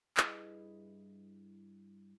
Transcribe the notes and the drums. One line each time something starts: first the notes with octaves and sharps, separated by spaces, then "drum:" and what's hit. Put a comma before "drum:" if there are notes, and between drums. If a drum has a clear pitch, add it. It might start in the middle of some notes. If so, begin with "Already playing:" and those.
G2 E4 G#4 B4 D#5, drum: clap